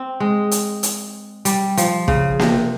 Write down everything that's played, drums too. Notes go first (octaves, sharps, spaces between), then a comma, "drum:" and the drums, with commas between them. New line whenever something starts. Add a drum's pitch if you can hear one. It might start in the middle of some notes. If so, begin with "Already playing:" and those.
Already playing: C4
G#3
drum: hi-hat
drum: hi-hat
G3, drum: hi-hat
F3, drum: hi-hat
C#3, drum: kick
C3, drum: snare A#3